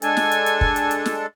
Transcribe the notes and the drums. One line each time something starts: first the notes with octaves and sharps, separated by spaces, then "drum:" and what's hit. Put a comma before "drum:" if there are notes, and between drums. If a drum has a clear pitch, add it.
G#3 D4 A4 G#5, drum: hi-hat
drum: snare
drum: hi-hat
drum: hi-hat
drum: kick
drum: hi-hat
drum: hi-hat
drum: snare